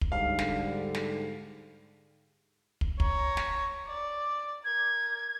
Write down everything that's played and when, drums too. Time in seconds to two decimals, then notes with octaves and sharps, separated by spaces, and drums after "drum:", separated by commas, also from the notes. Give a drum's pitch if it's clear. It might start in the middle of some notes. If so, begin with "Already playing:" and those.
0.01 drum: kick
0.12 G#2 D3 G3 F5
0.39 drum: snare
0.95 drum: snare
2.81 drum: kick
3.00 C#5 A#5, drum: kick
3.37 drum: snare
3.87 D5
4.65 A#4 G#6